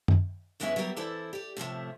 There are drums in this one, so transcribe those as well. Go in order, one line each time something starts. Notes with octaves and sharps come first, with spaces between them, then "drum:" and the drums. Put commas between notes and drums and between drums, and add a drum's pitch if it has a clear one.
drum: tom
F#2 E3 G#3 B3 C#4 E5
F#3 G3 A#3 E4 G4 A#4
F2 E3 E4 A4 C5 D5
G4 D5
A2 C3 F3 A3